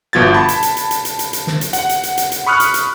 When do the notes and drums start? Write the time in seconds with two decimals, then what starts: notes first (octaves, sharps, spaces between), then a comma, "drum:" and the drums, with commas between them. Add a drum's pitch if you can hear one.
0.13 G1 B2 F3 G#6 A6
0.34 A5 B5
0.48 drum: hi-hat
0.63 drum: hi-hat
0.77 drum: hi-hat
0.91 drum: hi-hat
1.05 drum: hi-hat
1.19 drum: hi-hat
1.33 drum: hi-hat
1.47 drum: snare
1.61 drum: hi-hat
1.73 F#5, drum: hi-hat
1.89 drum: hi-hat
2.03 drum: hi-hat
2.18 drum: hi-hat
2.32 drum: hi-hat
2.46 B5 C#6 D#6 F6 F#6
2.60 drum: hi-hat
2.74 drum: hi-hat